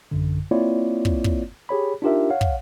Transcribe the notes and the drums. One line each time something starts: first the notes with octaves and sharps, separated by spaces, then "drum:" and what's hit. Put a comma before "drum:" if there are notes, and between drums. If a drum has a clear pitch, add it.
A1 F#2 D3
A#3 C4 E4 F4 C#5 D5
drum: kick
drum: kick
G4 G#4 C#5 B5
D4 D#4 F4 G4 A#4 E5
C#5 F5 F#5
drum: kick